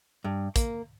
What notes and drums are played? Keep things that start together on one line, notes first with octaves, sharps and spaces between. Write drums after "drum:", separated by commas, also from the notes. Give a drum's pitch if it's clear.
G2
A#3, drum: kick, hi-hat